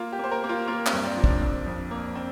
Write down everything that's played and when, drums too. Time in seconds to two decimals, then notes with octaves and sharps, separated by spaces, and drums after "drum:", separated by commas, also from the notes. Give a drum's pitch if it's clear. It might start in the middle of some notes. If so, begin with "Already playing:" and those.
Already playing: A#3 F4
0.12 G4
0.19 A#3 C5
0.31 A#4
0.44 A#3
0.49 F4
0.67 A#3 F4
0.86 C4, drum: clap
0.93 G2
1.05 D4
1.16 F3
1.24 D4, drum: kick
1.42 F2
1.67 F2
1.91 A#3
2.15 C4